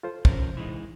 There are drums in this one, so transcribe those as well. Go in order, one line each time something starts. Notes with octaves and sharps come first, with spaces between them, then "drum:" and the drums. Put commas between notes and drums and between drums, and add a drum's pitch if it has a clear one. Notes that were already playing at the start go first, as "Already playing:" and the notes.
F4 A4 C5
C3 F3 C#4 A#4 C5, drum: kick
E3 G#3 D#4